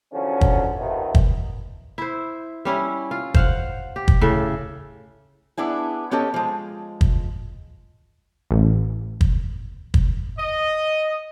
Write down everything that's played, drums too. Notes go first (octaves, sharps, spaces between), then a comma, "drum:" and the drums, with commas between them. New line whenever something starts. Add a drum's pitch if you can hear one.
E2 D3 F3 F#3 C#4
drum: kick
D#2 C3 D#3 F3 A3 B3
drum: kick
E4 C5
G3 C#4 E4
F4
C5 F5 F#5, drum: kick
G4
drum: kick
A2 C#3 A4
B3 D4 E4 G#4
B3 C#4 G4 A4 D#5
F3 G#3
drum: kick
A1
drum: kick
drum: kick
D#5